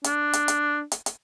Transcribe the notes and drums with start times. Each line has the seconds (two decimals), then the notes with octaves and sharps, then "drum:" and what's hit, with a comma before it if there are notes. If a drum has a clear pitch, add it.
0.04 D4, drum: hi-hat
0.33 drum: hi-hat
0.48 drum: hi-hat
0.92 drum: hi-hat
1.06 drum: hi-hat